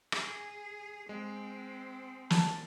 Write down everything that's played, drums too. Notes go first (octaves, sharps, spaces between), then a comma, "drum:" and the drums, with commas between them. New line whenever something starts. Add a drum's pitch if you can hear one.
G#4, drum: rim click
G#3 C4
A5, drum: snare